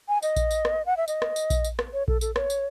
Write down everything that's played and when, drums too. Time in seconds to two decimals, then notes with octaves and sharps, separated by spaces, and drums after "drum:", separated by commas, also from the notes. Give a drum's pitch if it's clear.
0.08 G#5
0.23 D#5, drum: tambourine
0.36 drum: kick A#1, tambourine
0.51 drum: tambourine
0.65 drum: rim click
0.86 F#5
0.97 E5
1.08 D#5, drum: tambourine
1.22 drum: rim click
1.36 drum: tambourine
1.50 drum: kick A#1, tambourine
1.65 drum: tambourine
1.79 drum: rim click
1.93 C#5
2.08 A4, drum: kick A#1
2.21 A4, drum: tambourine
2.36 C#5, drum: rim click
2.50 drum: tambourine